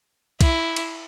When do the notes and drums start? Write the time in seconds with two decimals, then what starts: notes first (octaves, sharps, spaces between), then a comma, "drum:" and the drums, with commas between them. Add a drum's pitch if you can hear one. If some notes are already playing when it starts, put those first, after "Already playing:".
0.41 E4, drum: kick, cymbal
0.76 drum: cymbal